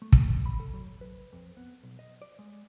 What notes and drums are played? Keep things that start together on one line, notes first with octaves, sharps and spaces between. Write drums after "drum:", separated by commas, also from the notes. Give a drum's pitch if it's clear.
A3
drum: kick
G2
B5
A4
F#3
B4
F2
B3
B1
D#5
D5
G#3